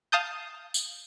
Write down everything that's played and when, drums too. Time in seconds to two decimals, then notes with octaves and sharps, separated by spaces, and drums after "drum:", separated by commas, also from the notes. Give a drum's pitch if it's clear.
0.12 F5 A5 D#6 G6
0.74 drum: tambourine